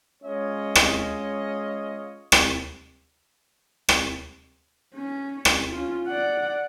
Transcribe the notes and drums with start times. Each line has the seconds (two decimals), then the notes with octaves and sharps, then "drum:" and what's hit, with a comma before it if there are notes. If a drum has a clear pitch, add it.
0.23 G#3 C#4 F4 C#5 D#5
0.75 drum: rim click
2.32 drum: rim click
3.89 drum: rim click
4.95 C#4
5.45 drum: rim click
5.71 C#4 F4
6.08 D5 F#5